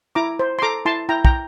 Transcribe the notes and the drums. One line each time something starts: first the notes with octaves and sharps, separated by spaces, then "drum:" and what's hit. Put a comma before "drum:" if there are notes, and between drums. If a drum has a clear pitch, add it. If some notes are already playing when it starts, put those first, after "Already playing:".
E4 A#5 D6
C5
C6
A4 A#5 D6
E4 A5 C6
E4 G5 A#5
G5 A#5, drum: kick